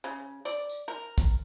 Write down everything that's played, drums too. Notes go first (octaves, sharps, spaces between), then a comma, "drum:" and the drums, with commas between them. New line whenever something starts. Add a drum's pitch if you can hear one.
C#3
D5, drum: tambourine
drum: tambourine
A#4
drum: kick, tambourine